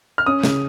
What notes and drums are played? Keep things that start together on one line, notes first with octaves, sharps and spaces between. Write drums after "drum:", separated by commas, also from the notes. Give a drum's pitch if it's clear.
F6
C#4 D#6
C#3, drum: snare